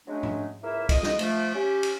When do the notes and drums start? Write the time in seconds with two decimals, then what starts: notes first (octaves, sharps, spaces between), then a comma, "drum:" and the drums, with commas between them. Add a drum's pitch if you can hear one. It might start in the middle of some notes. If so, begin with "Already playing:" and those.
0.07 F#3 G#3 A3 C#4 D4
0.23 drum: tom G#2
0.63 C#2 A#3 E4 E5
0.89 F2 D#5, drum: kick, cymbal
1.03 drum: snare
1.19 F3 A3, drum: cymbal
1.55 C#4 G4
1.83 drum: cymbal